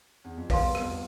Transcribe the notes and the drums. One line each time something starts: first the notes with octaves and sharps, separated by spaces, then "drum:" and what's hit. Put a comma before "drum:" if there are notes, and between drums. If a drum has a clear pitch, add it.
E2
F2
E2 G2 B4 F5 A5 C6, drum: kick A#1, open hi-hat
F2, drum: rim click